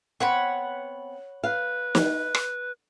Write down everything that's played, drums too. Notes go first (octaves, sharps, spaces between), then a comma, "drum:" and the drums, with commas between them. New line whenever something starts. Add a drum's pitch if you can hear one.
B3 C4 C#5 F#5 B5
B4 F5
drum: snare
drum: rim click